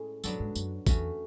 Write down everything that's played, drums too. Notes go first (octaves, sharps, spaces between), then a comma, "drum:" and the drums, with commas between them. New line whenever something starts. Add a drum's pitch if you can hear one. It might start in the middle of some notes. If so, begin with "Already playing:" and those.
Already playing: A2 G#3 C#4 G#4
F#2 F#3 B3 D4 F#4 A4, drum: tambourine
G#2
F#2, drum: tambourine
E2 F#3 A3 C#4 F#4, drum: kick A1, tambourine